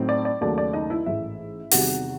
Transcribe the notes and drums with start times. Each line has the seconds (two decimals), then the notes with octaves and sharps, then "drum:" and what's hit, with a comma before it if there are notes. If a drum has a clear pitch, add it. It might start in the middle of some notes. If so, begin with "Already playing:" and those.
Already playing: A2 F#3 A3 C4 D#4
0.09 D5
0.25 D5
0.41 D#2 C#3 F#3 A3 D5
0.58 D5
0.73 D#4 D#5
0.90 E4 E5
1.06 A1 G#2 E3 A3 E4 E5
1.71 E2 C3 D#3 G3 F#4 F#5, drum: open hi-hat